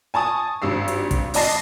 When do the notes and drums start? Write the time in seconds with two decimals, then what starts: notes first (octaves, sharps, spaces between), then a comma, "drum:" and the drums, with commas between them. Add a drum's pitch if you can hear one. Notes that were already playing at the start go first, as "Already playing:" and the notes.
0.14 G#5 A5 C#6 D#6
0.62 G#1 G2 E6 C7
0.88 drum: hi-hat
1.11 drum: kick, hi-hat
1.34 A1 D5 D#5 A5 A#6 C7, drum: open hi-hat